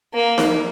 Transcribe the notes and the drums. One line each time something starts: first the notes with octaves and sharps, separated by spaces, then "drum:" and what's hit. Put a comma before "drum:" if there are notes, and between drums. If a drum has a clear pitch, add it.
A#3
drum: snare D#4